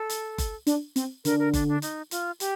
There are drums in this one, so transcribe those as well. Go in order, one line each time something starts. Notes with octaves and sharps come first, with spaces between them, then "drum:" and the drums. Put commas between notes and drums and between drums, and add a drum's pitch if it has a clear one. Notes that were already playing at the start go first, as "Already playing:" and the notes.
Already playing: A4
drum: hi-hat
drum: kick F#1, hi-hat
D4, drum: hi-hat
C4, drum: hi-hat
D3 A#4, drum: hi-hat
A#4
D4, drum: kick F#1, hi-hat
D4
D#4, drum: hi-hat
F4, drum: hi-hat
G4, drum: hi-hat